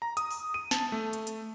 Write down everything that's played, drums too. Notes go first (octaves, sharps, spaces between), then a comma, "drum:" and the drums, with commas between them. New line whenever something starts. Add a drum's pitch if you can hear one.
A#5
D#6, drum: hi-hat
drum: open hi-hat
D#7
A5, drum: snare
A3
drum: hi-hat
drum: hi-hat